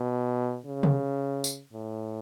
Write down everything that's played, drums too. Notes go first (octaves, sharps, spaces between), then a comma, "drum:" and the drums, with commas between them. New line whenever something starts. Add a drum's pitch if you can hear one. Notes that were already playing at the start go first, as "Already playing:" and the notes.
Already playing: B2
C#3
drum: tom C3
drum: tambourine
A2